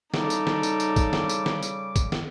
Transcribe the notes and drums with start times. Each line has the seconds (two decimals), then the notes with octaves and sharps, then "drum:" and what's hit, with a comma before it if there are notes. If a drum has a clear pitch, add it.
0.14 C#3 G3 D#4 A4 D6, drum: snare
0.30 drum: tambourine
0.47 drum: snare
0.63 drum: tambourine
0.80 drum: tambourine
0.96 drum: kick, tambourine
1.13 drum: snare
1.29 drum: tambourine
1.46 drum: snare
1.63 drum: tambourine
1.96 drum: kick, tambourine
2.12 drum: snare